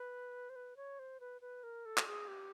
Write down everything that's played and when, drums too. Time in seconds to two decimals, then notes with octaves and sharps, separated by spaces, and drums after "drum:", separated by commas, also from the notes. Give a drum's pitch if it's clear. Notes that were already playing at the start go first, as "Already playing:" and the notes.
Already playing: B4
0.50 C5
0.56 B4
0.77 C#5
0.99 C5
1.20 B4
1.41 B4
1.63 A#4
1.86 A4
1.98 drum: clap
2.07 G#4
2.28 G4